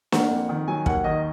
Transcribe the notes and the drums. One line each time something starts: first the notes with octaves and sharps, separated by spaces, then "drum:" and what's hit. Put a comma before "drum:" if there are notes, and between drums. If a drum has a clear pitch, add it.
A#3 F#5, drum: snare
F2
D#3
F#3 G#5
D#2 F#5, drum: kick
D#3 D#5